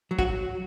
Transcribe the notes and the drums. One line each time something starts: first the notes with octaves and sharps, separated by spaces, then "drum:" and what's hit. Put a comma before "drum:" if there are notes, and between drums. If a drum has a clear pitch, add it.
F#3
F#4, drum: kick